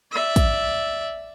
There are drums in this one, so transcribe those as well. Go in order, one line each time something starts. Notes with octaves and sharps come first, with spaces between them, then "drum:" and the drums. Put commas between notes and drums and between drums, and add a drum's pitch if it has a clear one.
D5 E5
drum: kick, hi-hat